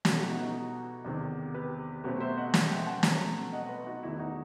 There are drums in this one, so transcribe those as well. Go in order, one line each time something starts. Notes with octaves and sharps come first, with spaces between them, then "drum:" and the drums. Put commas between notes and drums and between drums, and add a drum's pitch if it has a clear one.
B2 F#3 B3 G4 B4, drum: snare
A4
E4 G4
D#4 F#4
D#4
E2 C3 D#3
G4 B4
B2 F#3 A3 C4 G4 B4
C5 E5
D#5 F#5
drum: snare
E5 G5
F#5 A5
B2 F#3 A3 C4 F#5 A5, drum: snare
D#5 F#5
B4 D#5
D#4 F#4
E2 D#3 F#3 A3 E4
D#4 F#4